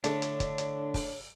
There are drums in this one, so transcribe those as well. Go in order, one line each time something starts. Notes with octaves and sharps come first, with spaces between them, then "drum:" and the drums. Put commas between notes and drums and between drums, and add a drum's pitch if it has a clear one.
A2 D3 A3 D4 A4 C#5, drum: hi-hat
drum: hi-hat
drum: kick, hi-hat
drum: hi-hat
drum: kick, open hi-hat